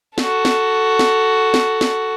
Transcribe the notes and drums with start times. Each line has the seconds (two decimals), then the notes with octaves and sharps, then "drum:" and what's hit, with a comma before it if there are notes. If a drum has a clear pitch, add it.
0.18 F#4 A4, drum: snare
0.45 drum: snare
0.99 drum: snare
1.54 drum: snare
1.81 drum: snare